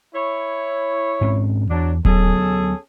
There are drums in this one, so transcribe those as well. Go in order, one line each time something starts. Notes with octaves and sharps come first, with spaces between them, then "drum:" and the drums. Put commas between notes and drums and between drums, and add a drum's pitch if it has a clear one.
E4 C#5
G#2 C4 C#4
E2 F#3 D4
D2 F#3 B3 C#4 G#4 A4, drum: kick D#1